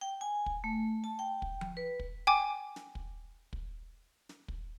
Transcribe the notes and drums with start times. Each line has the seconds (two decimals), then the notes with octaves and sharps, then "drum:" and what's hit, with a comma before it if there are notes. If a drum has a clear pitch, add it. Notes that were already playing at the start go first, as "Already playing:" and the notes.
0.01 G5
0.21 G#5
0.46 drum: kick
0.64 A3
1.04 A5
1.19 G5
1.42 drum: kick
1.61 drum: tom F3
1.77 B4
1.99 drum: kick
2.27 G5 G#5 D6
2.76 drum: snare
2.95 drum: kick
3.53 drum: kick
4.29 drum: snare
4.48 drum: kick